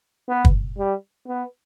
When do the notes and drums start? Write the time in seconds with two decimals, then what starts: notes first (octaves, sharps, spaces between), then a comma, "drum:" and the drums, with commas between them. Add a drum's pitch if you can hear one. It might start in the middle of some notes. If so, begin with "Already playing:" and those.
0.29 B3
0.45 drum: kick
0.78 G3
1.28 B3